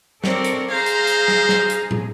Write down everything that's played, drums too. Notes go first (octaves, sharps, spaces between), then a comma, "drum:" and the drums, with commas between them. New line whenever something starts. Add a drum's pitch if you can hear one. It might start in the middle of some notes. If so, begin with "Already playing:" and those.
C4 A4 A#4 C#5 D5, drum: snare
drum: hi-hat
G#4 C5 F5 A#5
drum: hi-hat
drum: hi-hat
drum: snare
drum: snare
drum: hi-hat
drum: tom